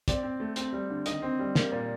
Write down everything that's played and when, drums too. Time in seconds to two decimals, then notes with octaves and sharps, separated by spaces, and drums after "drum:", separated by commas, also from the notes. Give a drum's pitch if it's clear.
0.08 C4 D5, drum: kick, hi-hat
0.23 C4
0.40 A3
0.56 C4, drum: hi-hat
0.73 G3
0.90 D3
1.06 D#3 D#5, drum: hi-hat
1.22 C4
1.39 G3
1.55 A#3, drum: snare
1.72 A#2